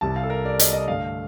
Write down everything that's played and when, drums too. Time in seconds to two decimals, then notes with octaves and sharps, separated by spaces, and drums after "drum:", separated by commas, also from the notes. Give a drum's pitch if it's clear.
0.01 C2 C3 G3 A5
0.16 F5
0.23 A4
0.30 A#4
0.45 D5
0.59 D#5, drum: hi-hat
0.73 D#5
0.88 G2 D3 A3 F5